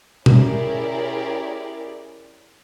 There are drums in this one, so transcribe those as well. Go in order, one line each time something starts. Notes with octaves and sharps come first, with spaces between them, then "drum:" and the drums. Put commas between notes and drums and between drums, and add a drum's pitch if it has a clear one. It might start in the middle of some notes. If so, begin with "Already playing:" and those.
C#4 E4 G4 G#4 A#4 D5, drum: tom B2